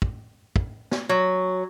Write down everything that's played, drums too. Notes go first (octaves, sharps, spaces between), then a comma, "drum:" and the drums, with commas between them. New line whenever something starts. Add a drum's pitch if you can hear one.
drum: kick
drum: kick
drum: snare
F#3 C#4